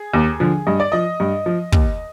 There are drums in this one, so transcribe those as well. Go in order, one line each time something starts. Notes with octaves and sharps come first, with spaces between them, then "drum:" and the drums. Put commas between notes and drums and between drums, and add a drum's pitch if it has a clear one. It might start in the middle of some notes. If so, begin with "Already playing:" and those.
Already playing: G#4
D#2
D3 F3
G2 D#5
D5
F3 D#5
G2
F3
D#2, drum: kick